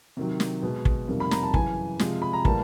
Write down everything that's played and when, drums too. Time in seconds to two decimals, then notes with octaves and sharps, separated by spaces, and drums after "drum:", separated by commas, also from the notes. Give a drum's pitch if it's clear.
0.17 C3 D#3 F#3
0.40 drum: snare
0.62 B2 G#3
0.85 drum: kick
1.08 F2 C3 D#3 G3 A#3
1.20 B5
1.31 A#5, drum: snare
1.43 A5
1.54 F#2 C#3 E3 G#5, drum: kick
1.99 C3 F3 G#3, drum: snare
2.22 B5
2.33 A#5
2.45 A2 E3 G3 A#3 A5, drum: kick